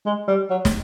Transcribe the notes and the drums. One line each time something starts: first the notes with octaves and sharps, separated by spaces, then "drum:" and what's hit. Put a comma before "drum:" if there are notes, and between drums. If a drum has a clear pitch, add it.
G#3
G3
F#3
drum: snare